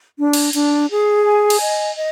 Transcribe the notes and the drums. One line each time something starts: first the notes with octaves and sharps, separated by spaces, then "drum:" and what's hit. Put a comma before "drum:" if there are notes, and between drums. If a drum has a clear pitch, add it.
D4
drum: cymbal
D4, drum: hi-hat
G#4
G#5
drum: cymbal
D#5
D#5